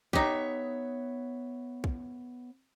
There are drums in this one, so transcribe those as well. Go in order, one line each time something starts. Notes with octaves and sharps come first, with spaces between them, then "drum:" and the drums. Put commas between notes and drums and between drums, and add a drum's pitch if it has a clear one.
B3 D#4 G4 C#5 E5, drum: kick
drum: kick